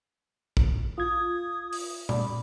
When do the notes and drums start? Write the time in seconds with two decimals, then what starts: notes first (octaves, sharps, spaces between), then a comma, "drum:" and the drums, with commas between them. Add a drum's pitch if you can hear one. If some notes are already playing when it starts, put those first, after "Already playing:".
0.57 drum: kick A#1
0.98 F4 D#6 G#6
1.73 drum: open hi-hat
2.09 D5 B5, drum: tom A#2